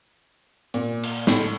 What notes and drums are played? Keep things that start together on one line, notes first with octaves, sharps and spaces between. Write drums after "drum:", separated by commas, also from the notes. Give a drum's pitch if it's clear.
A#2, drum: hi-hat
drum: cymbal
A2, drum: snare